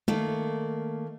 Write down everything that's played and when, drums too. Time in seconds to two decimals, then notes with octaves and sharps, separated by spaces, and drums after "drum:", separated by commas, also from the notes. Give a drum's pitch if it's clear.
0.08 D#3 A3 A#3, drum: tom